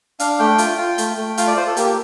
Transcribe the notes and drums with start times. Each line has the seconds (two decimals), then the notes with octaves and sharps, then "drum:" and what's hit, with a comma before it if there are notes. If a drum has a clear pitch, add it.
0.20 D4 F5, drum: hi-hat
0.39 A3 G5
0.58 F4, drum: hi-hat
0.78 F4
0.98 A3, drum: hi-hat
1.17 A3
1.37 F4 F5, drum: hi-hat
1.47 D5
1.57 F4 C5
1.67 A4
1.77 A#3 G4, drum: hi-hat